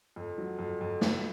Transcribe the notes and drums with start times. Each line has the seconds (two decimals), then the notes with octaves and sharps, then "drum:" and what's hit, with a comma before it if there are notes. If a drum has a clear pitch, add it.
0.16 F2
0.38 F#3
0.59 F2
0.81 F2
1.01 F2, drum: snare